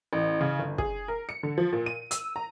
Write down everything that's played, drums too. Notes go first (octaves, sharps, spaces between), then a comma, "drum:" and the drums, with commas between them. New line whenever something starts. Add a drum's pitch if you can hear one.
A1
C#3
G1
G#4, drum: kick
A#4
C#7
D3
F3
A#2
D#7
E6, drum: hi-hat
A#5